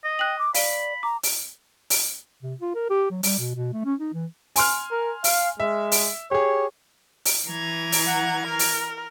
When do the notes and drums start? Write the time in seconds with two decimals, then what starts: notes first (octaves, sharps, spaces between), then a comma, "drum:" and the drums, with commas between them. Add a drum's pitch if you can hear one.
0.04 D#5
0.19 G5 F#6 F#7
0.38 D6
0.54 D5 F5 B5 D#7 G7, drum: open hi-hat
1.03 A#5 D6
1.23 drum: open hi-hat
1.90 drum: open hi-hat
2.43 C3
2.60 F4
2.75 A#4
2.90 G4
3.10 F#3
3.23 G3, drum: open hi-hat
3.39 B2
3.55 B2
3.73 A3
3.85 C#4
4.00 D#4
4.13 E3
4.56 G#5 C6 F6, drum: open hi-hat
4.91 A#4
5.24 F5, drum: open hi-hat
5.60 G#3 E5
5.92 drum: open hi-hat
6.31 G4 G#4 C#5
7.25 drum: open hi-hat
7.48 E3 A#5 G#6
7.92 drum: open hi-hat
8.07 F#5
8.47 A#4
8.59 drum: open hi-hat